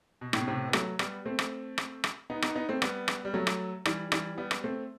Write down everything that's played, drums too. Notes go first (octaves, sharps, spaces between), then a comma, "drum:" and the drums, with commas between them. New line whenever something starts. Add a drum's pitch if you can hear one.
B2
A2, drum: rim click
B2
A2 C3
B3
F#3 A3, drum: rim click
G3 B3, drum: rim click
A3 C4
drum: rim click
drum: rim click
drum: rim click
B3 D#4
B3 D#4, drum: rim click
B3 D#4
A3 C4
G3 B3, drum: rim click
drum: rim click
G3
F#3 A3
drum: rim click
E3 G3, drum: rim click
E3 G3, drum: rim click
G3 B3
drum: rim click
A3 C4